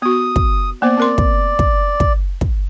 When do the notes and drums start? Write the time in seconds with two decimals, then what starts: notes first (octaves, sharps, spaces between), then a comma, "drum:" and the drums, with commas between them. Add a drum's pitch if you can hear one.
0.02 B3 F#4 D#6
0.36 drum: kick
0.82 A#3 B3 C5 D5
0.97 C4 A#4 C6
1.18 drum: kick
1.59 drum: kick
2.00 drum: kick
2.41 drum: kick